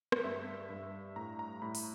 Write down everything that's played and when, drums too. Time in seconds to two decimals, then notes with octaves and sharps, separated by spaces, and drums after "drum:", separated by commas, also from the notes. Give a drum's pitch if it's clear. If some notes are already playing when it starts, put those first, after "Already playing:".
0.12 drum: rim click
0.24 G2 E5
0.70 G2
1.16 A2 A#5
1.39 A#5
1.62 A2 B5
1.75 drum: open hi-hat